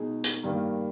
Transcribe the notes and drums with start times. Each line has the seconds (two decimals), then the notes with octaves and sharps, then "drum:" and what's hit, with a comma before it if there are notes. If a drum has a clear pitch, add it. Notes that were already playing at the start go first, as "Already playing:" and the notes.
Already playing: B2 G#3 D#4 G#4
0.24 drum: hi-hat
0.43 G2 D#3 A#3